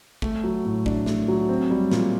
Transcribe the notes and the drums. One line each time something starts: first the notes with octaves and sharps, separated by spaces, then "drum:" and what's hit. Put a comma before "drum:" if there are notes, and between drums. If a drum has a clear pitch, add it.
A3, drum: kick
F#3
A2
D4, drum: kick
A3, drum: snare
F#3
C4
G3
A#2, drum: snare